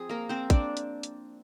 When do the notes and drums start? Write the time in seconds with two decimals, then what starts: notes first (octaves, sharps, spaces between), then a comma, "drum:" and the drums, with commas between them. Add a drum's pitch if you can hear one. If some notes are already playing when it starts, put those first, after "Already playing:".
Already playing: F3 C4 G#4
0.09 A#3 A#4
0.29 C4 C5
0.50 D4 D5, drum: kick, hi-hat
0.77 drum: hi-hat
1.03 drum: hi-hat